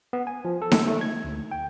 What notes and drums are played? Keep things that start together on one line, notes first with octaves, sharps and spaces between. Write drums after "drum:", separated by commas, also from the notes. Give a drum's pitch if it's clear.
B3
G#5
F3
A4
drum: snare D#4
A3
G#6
D2
G5